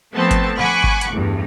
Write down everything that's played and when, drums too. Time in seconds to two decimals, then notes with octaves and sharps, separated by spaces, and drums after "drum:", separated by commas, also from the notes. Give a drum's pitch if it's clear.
0.13 F3 A3 B3 C4 A5
0.31 drum: kick G1, hi-hat
0.58 F#5 G#5 B5 C#6 D6 F#6
0.84 drum: kick G1
1.01 drum: hi-hat
1.11 A1 E2 G2